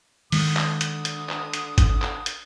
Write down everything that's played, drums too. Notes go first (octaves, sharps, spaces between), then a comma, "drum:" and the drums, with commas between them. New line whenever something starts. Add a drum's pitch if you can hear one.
D3 D#3 G#3 D#6, drum: open hi-hat
drum: clap
drum: hi-hat
drum: hi-hat
drum: clap
drum: hi-hat
drum: kick G#1, hi-hat
drum: clap
drum: hi-hat